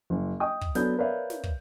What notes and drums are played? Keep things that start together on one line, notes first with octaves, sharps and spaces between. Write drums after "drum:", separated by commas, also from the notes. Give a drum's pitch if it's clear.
F#1
D#5 G5 D#6
drum: kick
F#3 B3 D4 A4 G6, drum: snare
A#4 B4 C#5 D5 E5 F5
drum: snare
drum: kick